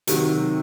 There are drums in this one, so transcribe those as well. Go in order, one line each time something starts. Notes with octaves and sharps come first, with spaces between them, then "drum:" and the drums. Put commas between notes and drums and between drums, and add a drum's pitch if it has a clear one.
C3 D#3 F#3, drum: hi-hat